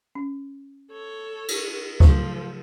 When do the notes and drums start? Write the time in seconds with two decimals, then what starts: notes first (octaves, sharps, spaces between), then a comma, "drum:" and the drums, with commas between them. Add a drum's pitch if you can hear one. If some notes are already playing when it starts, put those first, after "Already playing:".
0.15 C#4
0.91 A4 C#5
1.48 drum: cymbal
2.00 C#3 F3 F#3 A3 A4, drum: kick